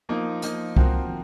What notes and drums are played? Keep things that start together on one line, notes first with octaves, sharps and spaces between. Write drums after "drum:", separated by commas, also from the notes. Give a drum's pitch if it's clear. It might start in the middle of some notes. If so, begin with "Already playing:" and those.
F3 A#3 D#4
F3 A#3 D#4, drum: hi-hat
F3 C4 F#4 A#4, drum: kick